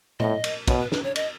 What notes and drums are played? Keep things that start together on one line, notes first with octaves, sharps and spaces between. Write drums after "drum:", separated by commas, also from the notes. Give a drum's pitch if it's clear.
A2 D#5, drum: tom A#2
drum: cymbal
B2 C#5, drum: kick, cymbal
B4
B4, drum: snare
C#5
D#5, drum: cymbal